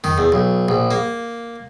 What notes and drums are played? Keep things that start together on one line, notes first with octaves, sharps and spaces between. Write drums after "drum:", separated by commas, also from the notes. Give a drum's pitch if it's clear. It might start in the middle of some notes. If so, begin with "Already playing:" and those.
D#3, drum: tom E2
E2
B1
A#1
A#3